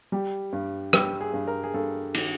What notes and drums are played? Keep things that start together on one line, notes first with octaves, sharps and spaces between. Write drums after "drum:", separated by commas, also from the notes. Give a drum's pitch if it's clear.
G3 G4
G2
G3 G4, drum: rim click
G#4
G2
A#4
G#4
G2 A4
D#3, drum: cymbal